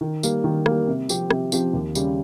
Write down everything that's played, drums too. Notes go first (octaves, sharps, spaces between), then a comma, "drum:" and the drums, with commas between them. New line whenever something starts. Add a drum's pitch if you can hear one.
D#3
G3 A#3, drum: tambourine
D#3
G3 A#3, drum: rim click
C3
F3 C4 G4, drum: tambourine
C3, drum: rim click
F3 C4 G4, drum: tambourine
D#2
C#3 G3, drum: tambourine